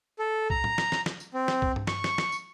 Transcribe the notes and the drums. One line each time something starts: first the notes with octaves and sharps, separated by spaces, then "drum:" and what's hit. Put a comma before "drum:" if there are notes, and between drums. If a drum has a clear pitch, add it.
A4
A#5, drum: kick B1
drum: tom A2
drum: snare
drum: snare
drum: snare
drum: tambourine
C4
drum: snare
drum: kick B1
drum: tom G2
C#6, drum: snare
drum: snare
drum: snare
drum: tambourine